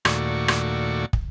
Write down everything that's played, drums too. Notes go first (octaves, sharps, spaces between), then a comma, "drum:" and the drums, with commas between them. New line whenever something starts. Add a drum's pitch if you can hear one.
D#2 A#2 A3 F#4 D5 C#6, drum: rim click
drum: rim click
drum: kick